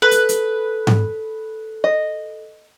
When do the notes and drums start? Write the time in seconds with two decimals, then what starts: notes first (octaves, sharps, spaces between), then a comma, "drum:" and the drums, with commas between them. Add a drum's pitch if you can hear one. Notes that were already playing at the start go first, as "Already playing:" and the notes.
0.02 A4 B4
0.11 drum: hi-hat
0.29 drum: hi-hat
0.87 drum: tom G#2
1.84 D#5